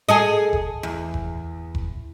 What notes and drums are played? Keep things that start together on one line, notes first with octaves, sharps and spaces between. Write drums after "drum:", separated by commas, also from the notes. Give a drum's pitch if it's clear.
G#4 A4 D#5
drum: kick F1
E2
drum: kick F1
drum: kick F1